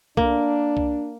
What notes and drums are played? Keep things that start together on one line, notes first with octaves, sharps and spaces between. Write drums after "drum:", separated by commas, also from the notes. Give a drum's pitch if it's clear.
A#3 D4, drum: kick C2
drum: kick C2